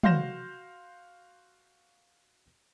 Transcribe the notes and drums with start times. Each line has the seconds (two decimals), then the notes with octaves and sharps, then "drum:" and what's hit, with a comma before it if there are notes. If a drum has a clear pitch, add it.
0.03 F#4 F5 C6 G6 A#6 E7, drum: tom